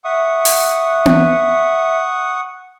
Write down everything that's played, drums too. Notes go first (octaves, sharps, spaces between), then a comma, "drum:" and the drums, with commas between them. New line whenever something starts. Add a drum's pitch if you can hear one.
E5 F#5 C#6 D#6
drum: open hi-hat
drum: tom B3